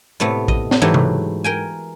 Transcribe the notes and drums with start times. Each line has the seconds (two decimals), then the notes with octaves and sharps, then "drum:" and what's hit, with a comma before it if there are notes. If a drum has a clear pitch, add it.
0.20 A2 C3 A3 B3
0.48 D#5, drum: kick A#1
0.71 drum: snare
0.82 G#2 E3 F#3 A3 E4 G4
0.94 drum: tom C3
1.44 A#4 G5 G#5